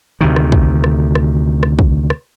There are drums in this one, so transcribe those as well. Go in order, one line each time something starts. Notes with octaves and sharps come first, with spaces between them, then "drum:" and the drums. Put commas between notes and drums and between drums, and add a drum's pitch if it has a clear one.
D2 C3 D#3
drum: rim click
drum: kick
drum: rim click
drum: rim click
drum: rim click
drum: kick
drum: rim click